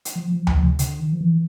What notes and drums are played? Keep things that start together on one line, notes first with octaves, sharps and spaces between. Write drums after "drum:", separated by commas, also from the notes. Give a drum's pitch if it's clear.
drum: hi-hat
F3
F3
F3, drum: tom D2
C3
D3, drum: hi-hat
D#3
F3
E3